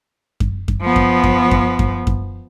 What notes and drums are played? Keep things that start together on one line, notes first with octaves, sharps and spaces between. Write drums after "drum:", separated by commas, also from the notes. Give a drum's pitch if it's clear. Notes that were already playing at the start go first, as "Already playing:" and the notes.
drum: kick F#2
drum: kick F#2
F3 B3
drum: kick F#2
drum: kick F#2
drum: kick F#2
drum: kick F#2
drum: kick F#2